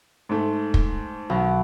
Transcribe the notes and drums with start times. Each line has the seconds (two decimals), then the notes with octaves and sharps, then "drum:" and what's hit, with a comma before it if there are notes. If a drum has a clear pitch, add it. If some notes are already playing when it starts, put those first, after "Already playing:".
0.29 G#2 A3
0.74 drum: kick
1.30 B1